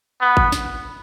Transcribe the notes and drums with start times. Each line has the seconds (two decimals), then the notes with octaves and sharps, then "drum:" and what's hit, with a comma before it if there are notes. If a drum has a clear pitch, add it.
0.21 B3
0.37 drum: kick G#1
0.52 drum: snare